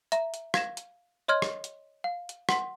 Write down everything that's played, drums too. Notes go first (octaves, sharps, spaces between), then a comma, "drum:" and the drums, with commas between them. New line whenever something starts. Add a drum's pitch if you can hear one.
E5 A#5, drum: hi-hat
drum: hi-hat
F5 G#6 A#6 E7, drum: rim click
drum: hi-hat
C#5 D#5 C6 F6 G#6
drum: rim click
drum: hi-hat
F5
drum: hi-hat
F#5 C6 B6, drum: rim click